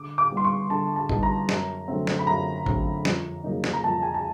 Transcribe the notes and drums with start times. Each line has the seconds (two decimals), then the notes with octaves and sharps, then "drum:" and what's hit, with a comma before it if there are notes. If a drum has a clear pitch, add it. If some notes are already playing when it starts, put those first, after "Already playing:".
Already playing: D3 D6
0.18 D6
0.31 G3 B3 D#4
0.37 C6
0.44 C#6
0.70 D3 A5
0.96 A5
1.09 G3 B3 D#4, drum: kick G#1
1.23 A#5
1.49 F#2, drum: snare
1.88 D3 F#3 A3 C4
2.07 drum: snare
2.19 B5
2.27 F#2 A#5
2.66 D3 F#3 A3 C4, drum: kick G#1
3.05 F2, drum: snare
3.44 C#3 F#3 A#3 D#4
3.64 drum: snare
3.73 A#5
3.84 F2 A5
4.03 G#5
4.14 A5